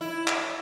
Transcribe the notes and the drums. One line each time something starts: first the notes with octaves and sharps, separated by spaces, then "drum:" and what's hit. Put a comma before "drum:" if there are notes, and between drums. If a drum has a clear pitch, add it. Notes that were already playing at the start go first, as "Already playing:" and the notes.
E4
drum: clap